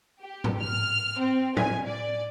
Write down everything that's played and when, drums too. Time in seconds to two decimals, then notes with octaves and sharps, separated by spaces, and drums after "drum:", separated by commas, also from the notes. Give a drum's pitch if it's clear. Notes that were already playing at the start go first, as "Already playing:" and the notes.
0.21 G4
0.44 drum: tom G#2
0.60 F6
1.18 C4
1.57 G#5, drum: tom
1.88 D5